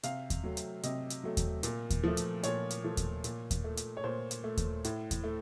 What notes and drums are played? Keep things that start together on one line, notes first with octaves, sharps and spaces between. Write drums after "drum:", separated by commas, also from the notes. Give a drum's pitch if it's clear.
C3 F5, drum: hi-hat
drum: kick D#2, hi-hat
F#3 A3
drum: hi-hat
C3 D#5, drum: hi-hat
drum: hi-hat
F#3 A3
drum: kick D#2, hi-hat
A#2, drum: hi-hat
drum: kick D#2, hi-hat
F3 A3
drum: hi-hat
A#2 C#5, drum: hi-hat
drum: hi-hat
F3 A3
drum: kick D#2, hi-hat
A#2, drum: hi-hat
drum: kick D#2, hi-hat
A3
drum: hi-hat
C#5
A#2 C5
drum: hi-hat
A3
drum: kick D#2, hi-hat
A2, drum: hi-hat
drum: kick D#2, hi-hat
A3